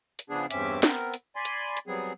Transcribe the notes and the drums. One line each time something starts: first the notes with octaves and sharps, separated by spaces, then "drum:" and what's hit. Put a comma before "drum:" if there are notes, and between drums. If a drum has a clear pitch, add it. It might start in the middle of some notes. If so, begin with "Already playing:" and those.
drum: hi-hat
C#3 F3 B3 D4 G#4
E2 G2 C4 C#4 E5 D6, drum: hi-hat
B3 C4 A#4, drum: snare
drum: hi-hat
D5 G#5 B5 C6
drum: hi-hat
drum: hi-hat
F#3 G3 B3 C4 G#4